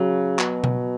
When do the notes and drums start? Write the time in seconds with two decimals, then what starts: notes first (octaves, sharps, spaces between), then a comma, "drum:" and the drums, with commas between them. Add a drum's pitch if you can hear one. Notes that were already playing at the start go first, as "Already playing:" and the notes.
Already playing: C#3 F#3
0.39 B2, drum: clap
0.64 drum: tom B2